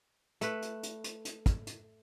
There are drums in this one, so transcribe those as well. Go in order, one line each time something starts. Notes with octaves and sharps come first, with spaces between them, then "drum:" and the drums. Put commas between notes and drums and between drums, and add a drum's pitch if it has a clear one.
A3 B4, drum: hi-hat
drum: hi-hat
drum: hi-hat
drum: hi-hat
drum: hi-hat
drum: kick, hi-hat
drum: hi-hat